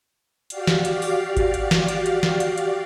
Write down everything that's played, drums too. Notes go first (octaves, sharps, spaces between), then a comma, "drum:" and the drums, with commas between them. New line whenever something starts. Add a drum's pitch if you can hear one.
F#4 G4 D5 F5, drum: hi-hat
drum: snare
drum: hi-hat
drum: open hi-hat
drum: kick G#1, hi-hat
drum: hi-hat
drum: snare
drum: hi-hat
drum: hi-hat
drum: snare
drum: hi-hat
drum: hi-hat